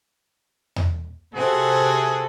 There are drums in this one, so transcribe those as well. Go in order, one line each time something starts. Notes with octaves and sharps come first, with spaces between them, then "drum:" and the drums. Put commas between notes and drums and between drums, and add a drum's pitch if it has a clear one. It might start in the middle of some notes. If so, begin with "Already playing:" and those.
drum: tom E2
C3 C4 F#4 G#4 A4 F#5